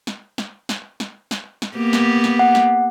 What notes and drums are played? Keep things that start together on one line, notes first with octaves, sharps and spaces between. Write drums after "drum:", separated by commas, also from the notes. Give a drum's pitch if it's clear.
drum: snare
drum: snare
drum: snare
drum: snare
drum: snare
drum: snare
A#3 B3 G4
drum: snare
drum: snare
F#5
drum: snare